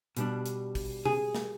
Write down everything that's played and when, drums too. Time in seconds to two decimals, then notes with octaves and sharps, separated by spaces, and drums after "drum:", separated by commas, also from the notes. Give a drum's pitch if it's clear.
0.17 B2 G3 D4, drum: hi-hat
0.46 drum: hi-hat
0.75 drum: kick, open hi-hat
1.05 G#4, drum: tom B2
1.35 drum: snare